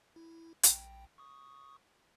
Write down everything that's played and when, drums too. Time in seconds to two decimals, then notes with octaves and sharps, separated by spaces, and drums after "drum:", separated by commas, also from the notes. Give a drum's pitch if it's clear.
0.16 E4
0.63 A#1 G5, drum: hi-hat
1.18 C#6 D#6